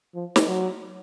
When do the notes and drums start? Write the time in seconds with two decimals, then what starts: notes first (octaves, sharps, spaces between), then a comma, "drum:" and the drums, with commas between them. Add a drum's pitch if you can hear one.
0.15 F3
0.36 drum: snare
0.47 F#3